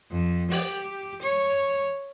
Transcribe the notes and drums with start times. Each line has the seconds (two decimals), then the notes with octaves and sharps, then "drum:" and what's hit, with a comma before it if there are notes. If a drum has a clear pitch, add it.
0.11 F2
0.51 G4, drum: open hi-hat
1.22 C#5